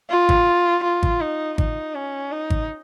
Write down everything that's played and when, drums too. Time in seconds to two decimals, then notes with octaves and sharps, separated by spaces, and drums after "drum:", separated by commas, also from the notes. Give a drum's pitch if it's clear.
0.10 F4
0.29 drum: kick G#1
0.84 F4
1.03 drum: kick G#1
1.21 D#4
1.58 D#4, drum: kick G#1
1.95 C#4
2.32 D#4
2.50 drum: kick G#1